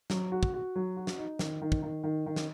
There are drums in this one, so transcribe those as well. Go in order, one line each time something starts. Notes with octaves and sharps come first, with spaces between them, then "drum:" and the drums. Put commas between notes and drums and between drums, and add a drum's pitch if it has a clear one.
F#3, drum: snare
F#4
drum: kick
F#4
F#3
F#4
drum: snare
D#4
D#3, drum: snare
D#3
drum: kick
D#3
D#3
D#3
drum: snare